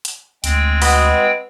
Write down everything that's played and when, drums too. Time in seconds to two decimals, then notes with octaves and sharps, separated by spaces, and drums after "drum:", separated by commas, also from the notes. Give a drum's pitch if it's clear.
0.05 drum: hi-hat
0.44 D2 G#3 C4 G5, drum: hi-hat
0.82 F#4 B4 D#5, drum: open hi-hat